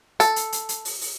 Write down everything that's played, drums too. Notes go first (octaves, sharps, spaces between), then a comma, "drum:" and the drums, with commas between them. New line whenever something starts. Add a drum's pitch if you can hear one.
A4, drum: hi-hat
drum: hi-hat
drum: hi-hat
drum: hi-hat
drum: open hi-hat
drum: open hi-hat